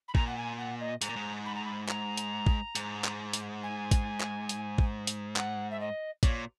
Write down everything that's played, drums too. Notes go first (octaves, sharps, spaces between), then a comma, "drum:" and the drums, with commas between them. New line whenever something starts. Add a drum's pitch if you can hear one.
B5
A#2 A#5, drum: kick
F#5
G#5
F#5
D#5
G#2 A#5, drum: hi-hat
A#2
G#2
B5
A#5
B5
A#5, drum: clap
drum: hi-hat
drum: kick
G#2, drum: hi-hat
drum: clap
drum: hi-hat
G#5
drum: kick, hi-hat
drum: clap
drum: hi-hat
drum: kick
drum: hi-hat
F#5, drum: clap
E5
D#5
A#2 C#5, drum: kick, hi-hat